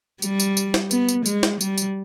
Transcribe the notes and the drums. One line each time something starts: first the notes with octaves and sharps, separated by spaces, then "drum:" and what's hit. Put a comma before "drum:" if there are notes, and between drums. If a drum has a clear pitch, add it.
G3, drum: tambourine
drum: tambourine
drum: tambourine
drum: snare
B3, drum: tambourine
drum: tambourine
G#3, drum: tambourine
drum: snare
G3, drum: tambourine
drum: tambourine